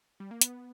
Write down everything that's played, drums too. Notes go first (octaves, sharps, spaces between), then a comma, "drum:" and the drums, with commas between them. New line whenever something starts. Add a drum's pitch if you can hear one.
G3
A#3
B3, drum: hi-hat